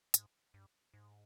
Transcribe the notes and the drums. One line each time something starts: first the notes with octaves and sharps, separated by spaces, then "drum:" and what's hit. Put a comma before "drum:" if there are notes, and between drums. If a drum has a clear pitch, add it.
G#2, drum: hi-hat
G2
G#2